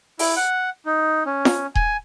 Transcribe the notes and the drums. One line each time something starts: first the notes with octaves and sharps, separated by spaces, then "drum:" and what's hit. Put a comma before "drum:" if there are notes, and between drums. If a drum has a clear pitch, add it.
E4, drum: open hi-hat
F#5
D#4
C#4
drum: snare F4
G#5, drum: kick D#1